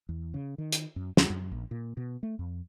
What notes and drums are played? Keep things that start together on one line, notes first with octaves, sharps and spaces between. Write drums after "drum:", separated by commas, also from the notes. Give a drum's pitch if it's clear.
E2
C#3
D#3
drum: hi-hat
F#2
E2, drum: snare
F#2
A#1
A#2
B2
A3
F2